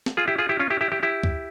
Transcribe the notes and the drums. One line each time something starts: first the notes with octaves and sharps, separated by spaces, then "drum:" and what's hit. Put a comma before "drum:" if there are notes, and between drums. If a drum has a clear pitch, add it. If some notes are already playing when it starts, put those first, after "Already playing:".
drum: snare
F4 G#4
E4 G4
F4 G#4
E4 G4
C#4 F4
E4 G4
E4 G4
E4 G4
E4 G4
drum: kick C#2